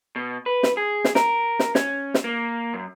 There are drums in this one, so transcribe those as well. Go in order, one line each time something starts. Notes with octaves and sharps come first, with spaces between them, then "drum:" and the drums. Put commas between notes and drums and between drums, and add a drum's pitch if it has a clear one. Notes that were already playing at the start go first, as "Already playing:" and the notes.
B2
B4
drum: snare
G#4
drum: snare
A#4, drum: snare
drum: snare
C#4, drum: snare
drum: snare
A#3
F#2